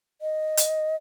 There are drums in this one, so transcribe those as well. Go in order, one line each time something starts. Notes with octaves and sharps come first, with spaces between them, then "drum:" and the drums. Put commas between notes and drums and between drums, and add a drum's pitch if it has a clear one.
D#5
drum: hi-hat